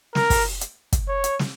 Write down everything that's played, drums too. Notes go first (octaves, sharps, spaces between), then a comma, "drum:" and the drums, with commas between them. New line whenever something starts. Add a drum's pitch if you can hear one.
A#4, drum: snare
drum: kick, open hi-hat
drum: hi-hat
drum: kick, hi-hat
C#5
drum: hi-hat
drum: snare